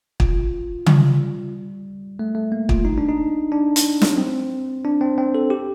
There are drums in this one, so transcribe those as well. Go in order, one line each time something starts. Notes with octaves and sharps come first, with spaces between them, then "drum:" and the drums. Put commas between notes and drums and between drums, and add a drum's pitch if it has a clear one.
F4, drum: kick
G3, drum: tom C#3
A3
A3
A#3
F4, drum: kick
D#4
D4
D#4
D4
drum: hi-hat
drum: snare
C4
D4
C4
C4
A4
G4